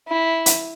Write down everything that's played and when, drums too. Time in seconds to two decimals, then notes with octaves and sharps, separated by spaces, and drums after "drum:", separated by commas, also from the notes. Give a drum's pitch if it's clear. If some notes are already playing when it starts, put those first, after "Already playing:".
0.09 E4
0.46 drum: hi-hat